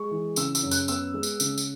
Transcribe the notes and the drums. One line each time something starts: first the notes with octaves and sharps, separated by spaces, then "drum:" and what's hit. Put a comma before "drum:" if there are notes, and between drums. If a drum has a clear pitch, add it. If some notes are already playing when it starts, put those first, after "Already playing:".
Already playing: G#3 C#6
E3
C#3 E6, drum: tambourine
E6, drum: tambourine
F#2
F#6, drum: tambourine
B3 E6, drum: tambourine
G#3
drum: tambourine
C#3, drum: tambourine
drum: tambourine